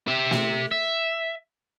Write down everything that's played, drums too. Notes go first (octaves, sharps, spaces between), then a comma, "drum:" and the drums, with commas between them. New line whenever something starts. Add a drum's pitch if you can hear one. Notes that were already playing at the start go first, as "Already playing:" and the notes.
G4 E5
drum: snare
E5